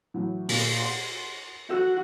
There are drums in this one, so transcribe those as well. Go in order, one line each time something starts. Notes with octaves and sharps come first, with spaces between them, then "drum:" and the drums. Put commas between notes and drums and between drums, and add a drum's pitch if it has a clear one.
A2 E3 F#3
A#2, drum: open hi-hat
F#5 C6
F#4 A4 F#5 E6